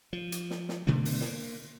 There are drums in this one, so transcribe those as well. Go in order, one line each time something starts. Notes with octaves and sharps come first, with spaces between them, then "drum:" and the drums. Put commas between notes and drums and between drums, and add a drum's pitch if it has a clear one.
F3
drum: hi-hat
drum: snare
drum: snare
B2 D3 A3 A#3
drum: open hi-hat
A#3, drum: snare